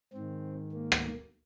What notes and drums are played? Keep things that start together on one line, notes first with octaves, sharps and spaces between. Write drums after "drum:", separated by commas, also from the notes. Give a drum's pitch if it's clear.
G#2 D#3 C4
A#3
drum: rim click